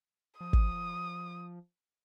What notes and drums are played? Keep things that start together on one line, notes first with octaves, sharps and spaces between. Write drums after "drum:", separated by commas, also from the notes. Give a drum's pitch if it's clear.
F3 D#6
drum: kick